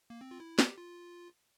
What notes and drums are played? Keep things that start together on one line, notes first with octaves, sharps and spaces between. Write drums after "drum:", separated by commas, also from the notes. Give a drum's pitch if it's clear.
A#3
C4
F4
E4
G4, drum: snare
F4